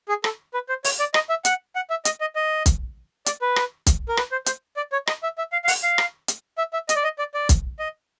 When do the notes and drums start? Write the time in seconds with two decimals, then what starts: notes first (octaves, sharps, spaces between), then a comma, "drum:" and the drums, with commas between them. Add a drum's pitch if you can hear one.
0.09 G#4
0.24 A4, drum: rim click
0.54 B4
0.69 C5
0.84 C#5, drum: open hi-hat
0.99 D5
1.14 D#5, drum: rim click
1.29 E5
1.45 F#5, drum: hi-hat
1.76 F#5
1.90 E5
2.05 D#5, drum: hi-hat
2.21 D#5
2.36 D#5
2.66 drum: kick B1, hi-hat
3.26 D5, drum: hi-hat
3.42 B4
3.56 drum: rim click
3.87 drum: kick B1, hi-hat
4.09 A#4
4.17 B4, drum: rim click
4.32 C5
4.46 C5, drum: hi-hat
4.77 D5
4.92 C#5
5.07 D#5, drum: rim click
5.23 E5
5.38 E5
5.52 F5
5.64 F5
5.68 F#5, drum: open hi-hat
5.83 F5
5.98 drum: rim click
6.28 drum: hi-hat
6.58 E5
6.73 E5
6.89 D#5, drum: hi-hat
6.96 D5
7.04 D#5
7.19 D5
7.34 D5
7.49 drum: kick B1, hi-hat
7.79 D#5